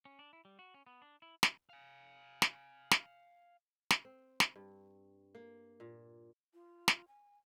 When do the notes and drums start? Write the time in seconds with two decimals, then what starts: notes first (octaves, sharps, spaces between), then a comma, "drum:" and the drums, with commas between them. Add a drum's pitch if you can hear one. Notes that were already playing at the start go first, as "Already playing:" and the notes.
0.05 C#4
0.19 D4
0.33 E4
0.45 G3
0.59 F#4
0.74 C#4
0.87 B3
1.02 D4
1.22 E4
1.43 drum: snare
1.70 F5 G#5
2.42 drum: snare
2.91 drum: snare
3.90 drum: snare
4.05 C4
4.40 drum: snare
4.56 G2
5.35 A#3
5.80 A#2
6.54 F4
6.88 drum: snare
7.08 G#5